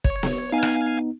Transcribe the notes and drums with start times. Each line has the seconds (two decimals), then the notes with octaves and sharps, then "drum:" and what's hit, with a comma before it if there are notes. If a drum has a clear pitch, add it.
0.04 C#5, drum: kick
0.23 drum: snare B3
0.52 B3 D#4 F5 G#5
0.63 drum: rim click